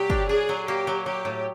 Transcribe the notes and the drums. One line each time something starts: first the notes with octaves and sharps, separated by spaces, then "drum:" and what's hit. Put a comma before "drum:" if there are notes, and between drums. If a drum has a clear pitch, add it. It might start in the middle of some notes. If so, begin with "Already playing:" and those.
Already playing: A#2 F#3 G4
D4, drum: kick
D4 G#4
F#3
A#3 G4
F#3
F#3 G4
A2